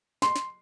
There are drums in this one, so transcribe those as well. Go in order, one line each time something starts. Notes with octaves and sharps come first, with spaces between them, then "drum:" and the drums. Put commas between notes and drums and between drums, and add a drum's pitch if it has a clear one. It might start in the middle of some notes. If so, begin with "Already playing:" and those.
C6, drum: snare
drum: snare